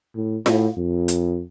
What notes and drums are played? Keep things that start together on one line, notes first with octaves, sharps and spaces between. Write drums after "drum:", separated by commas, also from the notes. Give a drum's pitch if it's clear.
A2
A2, drum: snare F4
F2
drum: hi-hat